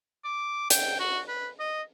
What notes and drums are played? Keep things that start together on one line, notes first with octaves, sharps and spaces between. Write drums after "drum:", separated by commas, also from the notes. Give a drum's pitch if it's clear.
D6
G5, drum: hi-hat
F#4
B4
D#5